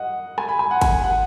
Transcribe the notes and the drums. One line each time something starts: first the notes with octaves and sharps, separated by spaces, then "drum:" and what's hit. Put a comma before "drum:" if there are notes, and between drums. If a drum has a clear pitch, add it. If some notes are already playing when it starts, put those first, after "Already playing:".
Already playing: D#5 F#5
G#5, drum: rim click
B5
G#5
F#5
G#5, drum: kick, cymbal
F#5